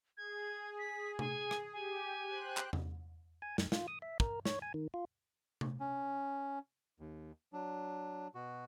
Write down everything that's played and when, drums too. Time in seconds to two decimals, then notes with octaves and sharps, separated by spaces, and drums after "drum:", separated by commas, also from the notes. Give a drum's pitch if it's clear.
0.17 G#4 G#6
0.79 B6
1.19 G#5, drum: tom C3
1.51 drum: rim click
1.73 G4 G#5
2.26 C5 G5 F#6
2.57 drum: clap
2.73 drum: tom E2
3.42 G#5
3.58 F#2, drum: snare
3.72 F4, drum: snare
3.88 D#6
4.02 E5
4.20 A#4, drum: kick
4.45 C#5, drum: snare
4.62 G#5
4.74 D#3
4.94 F4
5.61 drum: tom C3
5.80 C#4
7.00 D#2
7.53 F#3 D4
8.35 B2 F#4